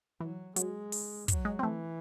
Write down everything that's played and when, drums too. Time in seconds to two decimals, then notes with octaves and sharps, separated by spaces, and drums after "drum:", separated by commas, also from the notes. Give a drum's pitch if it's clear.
0.20 E3 F#3
0.56 F#3 G#3, drum: hi-hat
0.92 drum: open hi-hat
1.28 F#3, drum: kick, hi-hat
1.45 G#3
1.59 C4
1.63 E3 A3